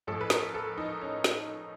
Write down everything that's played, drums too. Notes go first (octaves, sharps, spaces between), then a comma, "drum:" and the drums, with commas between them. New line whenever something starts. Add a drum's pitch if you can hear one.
A1 A2 F3 A4
B4
A#4, drum: snare
A4
D#4
C#4
drum: snare